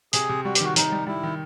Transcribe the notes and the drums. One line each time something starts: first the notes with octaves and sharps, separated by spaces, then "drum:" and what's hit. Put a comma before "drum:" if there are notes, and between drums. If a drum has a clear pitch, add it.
C3 G#4, drum: hi-hat
C3
G3 F#4
G4, drum: hi-hat
D#3 F#4
D#3 D#4, drum: hi-hat
G3
G3 E4
D#3